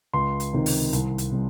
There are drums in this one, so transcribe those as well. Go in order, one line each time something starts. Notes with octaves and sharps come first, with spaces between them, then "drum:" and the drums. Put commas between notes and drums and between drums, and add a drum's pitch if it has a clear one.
C#2 C6
drum: hi-hat
C3 D#3
drum: open hi-hat
C2, drum: hi-hat
drum: hi-hat
C3 G3